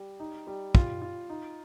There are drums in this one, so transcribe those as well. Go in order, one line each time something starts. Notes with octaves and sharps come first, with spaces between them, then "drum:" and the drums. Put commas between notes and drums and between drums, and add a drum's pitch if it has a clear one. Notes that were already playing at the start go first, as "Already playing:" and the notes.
Already playing: G3
D#4
G3
F4, drum: kick
F4
D#4